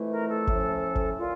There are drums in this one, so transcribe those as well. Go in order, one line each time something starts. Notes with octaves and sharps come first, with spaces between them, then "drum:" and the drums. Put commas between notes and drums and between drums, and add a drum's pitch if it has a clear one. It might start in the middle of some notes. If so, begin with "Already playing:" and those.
Already playing: F2 E3 A3
A#4
A4
A2 F3 C#4, drum: kick G#1
drum: kick G#1
A#2 F4